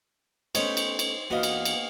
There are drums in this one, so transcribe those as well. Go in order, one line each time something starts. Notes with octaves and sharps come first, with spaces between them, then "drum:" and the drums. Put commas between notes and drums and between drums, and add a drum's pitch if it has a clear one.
A3 B3 C#4 C5 C#5 D#5 B5, drum: cymbal
drum: cymbal
drum: cymbal
E2 E3 A#3 B3 F#4 D#5 F5
drum: cymbal
drum: cymbal